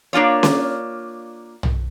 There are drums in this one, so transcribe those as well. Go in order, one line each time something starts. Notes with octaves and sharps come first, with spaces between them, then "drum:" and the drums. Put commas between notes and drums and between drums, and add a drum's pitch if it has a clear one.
A#3 D4 F4 C#5
drum: snare C#4
drum: tom